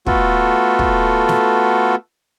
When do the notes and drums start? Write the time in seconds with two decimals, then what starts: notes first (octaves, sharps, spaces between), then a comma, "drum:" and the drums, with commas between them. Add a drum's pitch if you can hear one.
0.07 A3 B3 F4 F#4 A4, drum: kick
0.79 drum: kick
1.29 drum: snare